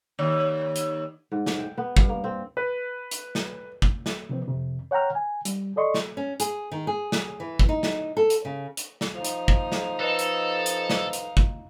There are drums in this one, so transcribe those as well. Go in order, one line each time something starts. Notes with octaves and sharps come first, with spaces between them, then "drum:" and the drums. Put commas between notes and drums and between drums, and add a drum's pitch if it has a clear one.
D#2
drum: hi-hat
G#2
drum: snare
G5
B3
G2, drum: kick
A#3
C4
B4
drum: hi-hat
drum: snare
drum: kick
drum: snare
C3 F3 B3 C4
F2 C3
C#5 F#5 G5 A#5 F6
G#5
G3, drum: hi-hat
A4 D5 D#5 C6 C#6
drum: snare
C#4
G#4, drum: hi-hat
D#3
G#4
drum: snare
E3
drum: kick
D#4
drum: snare
A4
drum: hi-hat
C#3
drum: hi-hat
drum: snare
F3 D#4 F5
drum: hi-hat
drum: kick
drum: snare
A4 B4 D#5
drum: hi-hat
drum: hi-hat
drum: snare
drum: hi-hat
drum: kick